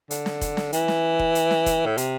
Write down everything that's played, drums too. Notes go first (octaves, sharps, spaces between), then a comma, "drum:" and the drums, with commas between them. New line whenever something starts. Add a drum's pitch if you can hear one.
D3, drum: hi-hat
drum: snare
drum: kick F1, hi-hat
drum: snare
E3, drum: hi-hat
drum: snare
drum: kick F1
drum: hi-hat
drum: snare
drum: kick F1, hi-hat
A2
C3, drum: hi-hat